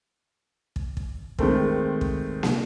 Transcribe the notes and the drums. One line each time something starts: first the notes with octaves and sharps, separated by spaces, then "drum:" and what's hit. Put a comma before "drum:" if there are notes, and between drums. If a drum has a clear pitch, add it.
drum: kick
drum: kick
D#3 G#3 A3 C4, drum: kick
drum: kick
drum: snare